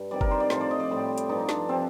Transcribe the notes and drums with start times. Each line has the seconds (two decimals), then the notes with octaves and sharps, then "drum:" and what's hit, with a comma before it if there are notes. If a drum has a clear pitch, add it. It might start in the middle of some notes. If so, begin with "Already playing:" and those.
Already playing: G2
0.11 C3 D#3 G3 D5
0.21 A#4, drum: kick F#1
0.31 C5
0.40 D5
0.50 A2 F3 C5, drum: snare
0.61 D5
0.71 D#5
0.80 D5
0.90 A2 G3
1.18 drum: hi-hat
1.29 G2 F3 D#4
1.49 D4, drum: snare
1.68 C3 F3 C4